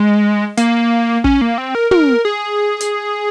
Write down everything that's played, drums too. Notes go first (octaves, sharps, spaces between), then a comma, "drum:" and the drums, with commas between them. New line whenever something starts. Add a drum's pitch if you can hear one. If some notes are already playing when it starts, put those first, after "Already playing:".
Already playing: G#3
A#3, drum: hi-hat
C#4, drum: kick
A#3
C4
A#4
A#4, drum: tom
G#4
drum: hi-hat